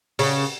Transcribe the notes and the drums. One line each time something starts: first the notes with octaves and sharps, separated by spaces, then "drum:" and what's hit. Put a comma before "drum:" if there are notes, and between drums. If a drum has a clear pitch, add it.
C#3, drum: open hi-hat